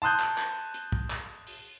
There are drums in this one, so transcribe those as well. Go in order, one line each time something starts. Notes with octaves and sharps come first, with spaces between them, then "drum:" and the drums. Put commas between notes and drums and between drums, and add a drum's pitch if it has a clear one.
A5 C6 D#6 F#6 G6
drum: clap
drum: clap
drum: hi-hat
drum: kick
drum: clap
drum: open hi-hat